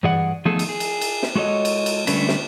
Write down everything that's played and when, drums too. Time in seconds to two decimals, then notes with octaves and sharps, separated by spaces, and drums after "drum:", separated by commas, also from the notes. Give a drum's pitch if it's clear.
0.03 G2 E3 G#4 D5 F#5
0.45 D#3 F3 A3 B3 G#4 A4
0.59 drum: cymbal
0.69 G#4
0.80 drum: cymbal
1.01 drum: cymbal
1.23 drum: snare
1.35 G#3 F#4 A4 C#5 D#5
1.65 drum: cymbal
1.86 drum: cymbal
2.07 D3 G3 A3 C#4 D4 B4, drum: cymbal
2.28 drum: snare